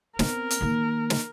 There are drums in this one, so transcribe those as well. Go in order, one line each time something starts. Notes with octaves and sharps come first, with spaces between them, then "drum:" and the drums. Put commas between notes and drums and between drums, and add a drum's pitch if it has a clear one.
B3 C4 A#4, drum: snare
drum: hi-hat
D#3 A#3
drum: snare